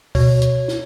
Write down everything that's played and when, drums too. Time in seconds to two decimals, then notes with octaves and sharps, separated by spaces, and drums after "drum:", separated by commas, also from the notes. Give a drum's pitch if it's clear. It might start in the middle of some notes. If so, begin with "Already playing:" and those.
0.15 B2 C#5, drum: kick, open hi-hat
0.42 drum: hi-hat
0.68 drum: snare